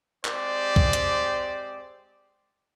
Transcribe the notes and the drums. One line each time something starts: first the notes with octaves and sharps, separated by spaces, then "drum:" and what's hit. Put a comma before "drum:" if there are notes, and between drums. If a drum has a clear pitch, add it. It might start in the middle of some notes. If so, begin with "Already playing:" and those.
G#3 C4 G4 C5 D5, drum: clap
drum: kick C2
drum: hi-hat